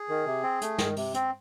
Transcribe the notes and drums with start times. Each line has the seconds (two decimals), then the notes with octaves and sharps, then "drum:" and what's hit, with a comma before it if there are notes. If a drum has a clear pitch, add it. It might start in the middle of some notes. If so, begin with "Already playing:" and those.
Already playing: G#4
0.09 D#3
0.26 C3
0.43 C4
0.61 A3, drum: hi-hat
0.78 D#3, drum: snare
0.96 C3, drum: open hi-hat
1.14 C4, drum: hi-hat